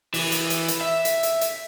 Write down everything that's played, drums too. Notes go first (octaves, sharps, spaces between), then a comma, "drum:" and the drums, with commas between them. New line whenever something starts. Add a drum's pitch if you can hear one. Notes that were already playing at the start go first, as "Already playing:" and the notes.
E3, drum: open hi-hat
drum: hi-hat
drum: hi-hat
drum: hi-hat
E5
drum: hi-hat
drum: hi-hat
drum: hi-hat